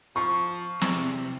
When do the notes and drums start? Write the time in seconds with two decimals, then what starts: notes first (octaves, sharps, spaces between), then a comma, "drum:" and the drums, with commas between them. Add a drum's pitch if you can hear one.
0.16 F3 C#6
0.81 E2 C3, drum: snare